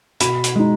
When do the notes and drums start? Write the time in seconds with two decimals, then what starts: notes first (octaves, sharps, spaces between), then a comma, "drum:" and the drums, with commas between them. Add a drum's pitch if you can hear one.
0.20 B2 B5, drum: hi-hat
0.44 drum: hi-hat
0.55 G#3 D#4